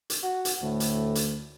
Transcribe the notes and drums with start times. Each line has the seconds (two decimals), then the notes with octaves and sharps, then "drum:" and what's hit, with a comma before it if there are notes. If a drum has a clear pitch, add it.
0.10 drum: hi-hat
0.23 F#4
0.45 drum: hi-hat
0.63 D2 A2
0.80 drum: hi-hat
1.15 drum: hi-hat